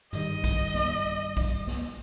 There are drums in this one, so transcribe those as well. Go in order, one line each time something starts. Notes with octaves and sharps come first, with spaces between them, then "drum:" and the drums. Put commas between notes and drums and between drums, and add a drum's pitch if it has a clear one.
G2 D#3 G3 D#5, drum: hi-hat
drum: kick, hi-hat
drum: snare
drum: kick, open hi-hat
drum: snare